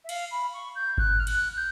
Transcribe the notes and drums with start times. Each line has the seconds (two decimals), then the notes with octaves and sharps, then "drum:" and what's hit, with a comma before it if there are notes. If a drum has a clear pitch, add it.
0.04 E5
0.09 F5, drum: cymbal
0.31 B5
0.53 C#6
0.75 G6
0.98 F#6, drum: kick G#1
1.19 F6
1.27 F#6, drum: cymbal
1.56 G6